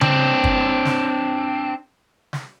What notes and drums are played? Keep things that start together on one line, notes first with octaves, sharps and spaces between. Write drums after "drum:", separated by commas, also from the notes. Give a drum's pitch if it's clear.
C4 D4, drum: tom C#3
drum: kick
drum: snare
drum: snare